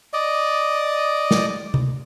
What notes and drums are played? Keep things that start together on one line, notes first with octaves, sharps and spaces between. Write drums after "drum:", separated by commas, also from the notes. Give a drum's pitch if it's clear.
D5 D#5
drum: snare
drum: tom C3